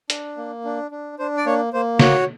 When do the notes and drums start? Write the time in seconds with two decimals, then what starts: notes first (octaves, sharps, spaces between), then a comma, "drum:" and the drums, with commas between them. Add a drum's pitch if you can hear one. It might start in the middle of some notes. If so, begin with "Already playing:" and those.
0.10 D4, drum: hi-hat
0.37 A#3
0.64 D4
0.91 D4
1.19 D4 C5
1.37 D5
1.46 A#3 C#5
1.73 A#3 C5
1.99 F#4 C#5, drum: snare